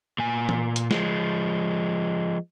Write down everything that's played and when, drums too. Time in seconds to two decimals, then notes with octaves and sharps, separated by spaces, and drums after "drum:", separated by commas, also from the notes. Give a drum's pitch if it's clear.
0.18 A#2 G#5
0.49 drum: tom E3
0.76 drum: hi-hat
0.91 F3 G#3, drum: snare